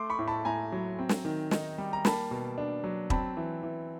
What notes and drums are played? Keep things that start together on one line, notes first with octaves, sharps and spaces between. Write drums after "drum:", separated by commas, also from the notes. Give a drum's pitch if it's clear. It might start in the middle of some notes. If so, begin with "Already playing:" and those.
Already playing: A3 C6 D6
B5 C#6
A2
A5 B5
A2 G#5 A#5
F#3
C4
drum: snare
D#3
D#4, drum: snare
G3
A#5
A#3 A5 B5, drum: snare
B2
D4
F#3
C4 A5 B5, drum: kick
E3
E3